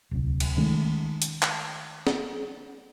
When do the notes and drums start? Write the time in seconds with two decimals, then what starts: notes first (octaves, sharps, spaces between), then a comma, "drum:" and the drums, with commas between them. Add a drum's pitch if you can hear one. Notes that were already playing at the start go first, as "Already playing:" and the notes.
0.11 D1 C2
0.40 drum: cymbal
0.57 D#3 G#3 A3 C#4
1.22 drum: hi-hat
1.42 drum: clap
2.07 drum: snare